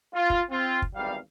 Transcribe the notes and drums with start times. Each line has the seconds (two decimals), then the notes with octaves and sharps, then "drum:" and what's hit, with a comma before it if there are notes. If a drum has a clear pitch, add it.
0.15 F4
0.30 drum: kick
0.50 C4 F4
0.82 drum: kick
0.95 G#1 E2 G3 F5